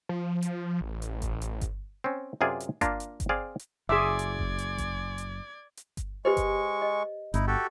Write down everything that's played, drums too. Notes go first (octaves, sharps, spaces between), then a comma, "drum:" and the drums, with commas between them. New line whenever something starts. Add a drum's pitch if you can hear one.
F3
drum: hi-hat
A1
drum: hi-hat
drum: kick G1, hi-hat
drum: hi-hat
drum: kick G1, hi-hat
C4 C#4
F#2 C3 F4 G#4 D5
drum: hi-hat
A#3 D4 F4, drum: kick G1, hi-hat
drum: hi-hat
drum: kick G1, hi-hat
C4 G#4 D5 F5
drum: hi-hat
F#1 G#4 D5 E5 G#5 C6 D6 G#6
drum: hi-hat
drum: kick G1
drum: hi-hat
drum: kick G1, hi-hat
drum: hi-hat
drum: hi-hat
drum: kick G1, hi-hat
G#3 G4 B4 C5 C#6
drum: kick G1, hi-hat
D#5
G1 D#4 E4, drum: hi-hat
F#4 G4 A4